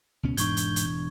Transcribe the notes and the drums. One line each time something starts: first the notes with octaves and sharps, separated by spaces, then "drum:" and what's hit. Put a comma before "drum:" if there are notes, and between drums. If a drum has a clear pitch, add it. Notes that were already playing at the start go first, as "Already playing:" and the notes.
C#2 B2 C#4
E1 E2 G#2 D4 C#6 G6 G#6, drum: hi-hat
drum: hi-hat
drum: hi-hat